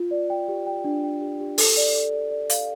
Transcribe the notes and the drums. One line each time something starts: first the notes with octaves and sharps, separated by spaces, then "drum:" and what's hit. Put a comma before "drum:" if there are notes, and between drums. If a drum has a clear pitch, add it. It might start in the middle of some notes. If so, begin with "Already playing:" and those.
Already playing: F4
D5
G5
G4
G5
D4
G5
G4
G4
A4, drum: open hi-hat
D5
A4
D5
D5
F5, drum: hi-hat